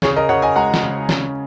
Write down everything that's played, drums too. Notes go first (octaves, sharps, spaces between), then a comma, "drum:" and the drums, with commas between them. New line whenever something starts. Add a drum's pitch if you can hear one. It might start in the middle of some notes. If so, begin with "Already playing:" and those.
C#3 G#4 C#5, drum: snare
A#4 D#5
C#3 C#5 F#5
D#5 G#5
G#3 F#5 A#5
drum: snare
C#3
C#4, drum: snare